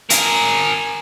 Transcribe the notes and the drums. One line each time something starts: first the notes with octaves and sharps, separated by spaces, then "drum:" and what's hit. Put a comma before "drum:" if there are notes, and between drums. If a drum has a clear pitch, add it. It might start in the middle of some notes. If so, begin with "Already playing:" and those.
G#4 A#4, drum: hi-hat